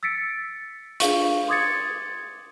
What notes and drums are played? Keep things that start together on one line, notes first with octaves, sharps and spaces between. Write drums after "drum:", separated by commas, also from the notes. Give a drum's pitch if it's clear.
E6 A6 B6 C#7 D7
D4 F4 G#4 F5 C#6, drum: hi-hat
C6 D6 D#6 G#6 A6 C#7